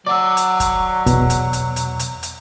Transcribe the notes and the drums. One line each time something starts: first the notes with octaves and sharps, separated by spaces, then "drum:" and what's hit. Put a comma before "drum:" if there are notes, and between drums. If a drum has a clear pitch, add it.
F#3 D5 F#5 D6 E6
drum: hi-hat
drum: kick, hi-hat
E2 B2, drum: kick, hi-hat
drum: hi-hat
drum: hi-hat
drum: hi-hat
drum: hi-hat
drum: hi-hat